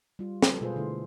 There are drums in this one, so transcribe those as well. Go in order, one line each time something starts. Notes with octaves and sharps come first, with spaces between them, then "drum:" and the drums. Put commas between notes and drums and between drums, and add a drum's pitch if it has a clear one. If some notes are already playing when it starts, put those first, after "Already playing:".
G3 F4
A4 B4, drum: snare
B2 G#3 F4 G#4 B4 C5
D3 A3 E4